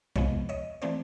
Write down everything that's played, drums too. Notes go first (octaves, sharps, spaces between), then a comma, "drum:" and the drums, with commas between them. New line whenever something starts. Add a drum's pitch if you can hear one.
E2 C3 F3 G#3 B3 C#5 D#5, drum: kick
C#5 D#5
E3 A3 C4 C5 D5